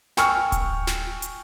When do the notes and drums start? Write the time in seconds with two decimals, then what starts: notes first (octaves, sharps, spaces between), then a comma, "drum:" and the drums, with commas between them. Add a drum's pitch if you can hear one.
0.17 G5 G#5 C#6 E6 F6, drum: snare
0.52 drum: kick D1, hi-hat
0.87 drum: snare
1.22 drum: hi-hat